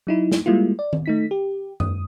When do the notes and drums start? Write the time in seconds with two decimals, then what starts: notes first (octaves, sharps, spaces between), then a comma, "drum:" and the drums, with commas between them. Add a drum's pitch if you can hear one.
0.07 F#3 D#4 E4
0.31 drum: snare
0.46 G3 G#3 A#3 E4 F4
0.79 D5
0.93 drum: tom D#3
1.06 A3 D#4 B6
1.31 G4
1.80 D#6, drum: tom F#2